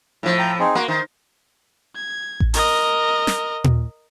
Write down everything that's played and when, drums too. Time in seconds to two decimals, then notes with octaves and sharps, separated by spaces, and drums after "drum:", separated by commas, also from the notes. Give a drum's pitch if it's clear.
0.23 A2 F3
0.39 G5 A#5
0.60 C4 D#4 G#4
0.75 A#3 F#4 C6
0.88 D#3 C5
1.95 G#6
2.40 drum: kick A1
2.54 A#4 D#5, drum: open hi-hat
3.27 drum: snare
3.64 drum: tom A#2